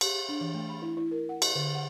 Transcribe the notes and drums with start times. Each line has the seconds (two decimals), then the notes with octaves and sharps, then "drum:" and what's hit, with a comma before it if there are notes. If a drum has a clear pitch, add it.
0.01 G4, drum: cymbal
0.29 D4
0.41 E3
0.54 A3
0.69 B5
0.82 E4
0.97 E4
1.11 A#4
1.29 F#5
1.42 D#5, drum: cymbal
1.55 D3
1.75 F#5